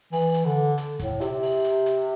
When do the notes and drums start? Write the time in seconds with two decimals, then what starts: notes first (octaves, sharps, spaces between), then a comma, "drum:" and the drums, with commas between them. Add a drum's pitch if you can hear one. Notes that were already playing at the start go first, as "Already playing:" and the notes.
0.13 E3, drum: open hi-hat
0.34 drum: hi-hat
0.45 D3
0.78 drum: hi-hat
1.00 A2, drum: kick, hi-hat
1.21 C3, drum: hi-hat
1.43 drum: open hi-hat
1.64 drum: hi-hat
1.86 drum: hi-hat